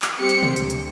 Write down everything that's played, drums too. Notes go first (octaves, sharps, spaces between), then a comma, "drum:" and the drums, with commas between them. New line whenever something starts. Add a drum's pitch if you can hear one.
drum: clap
G3 C4 G4 C5 G5 C#7
drum: hi-hat
drum: tom
D2, drum: hi-hat
drum: hi-hat